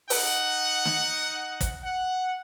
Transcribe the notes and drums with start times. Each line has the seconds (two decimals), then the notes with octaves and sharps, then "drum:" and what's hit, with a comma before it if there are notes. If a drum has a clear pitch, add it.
0.10 D#4 F#5, drum: open hi-hat
0.85 drum: snare
1.61 drum: kick, hi-hat
1.84 F#5